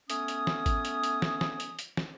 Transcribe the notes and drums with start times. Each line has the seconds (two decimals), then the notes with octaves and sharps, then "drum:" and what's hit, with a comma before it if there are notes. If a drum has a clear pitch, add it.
0.10 A3 B3 C#4 G#5 D#6, drum: hi-hat
0.28 drum: hi-hat
0.47 drum: snare
0.66 drum: kick G#1, hi-hat
0.85 drum: hi-hat
1.03 drum: hi-hat
1.22 drum: snare
1.41 drum: snare
1.60 drum: hi-hat
1.79 drum: hi-hat
1.97 drum: snare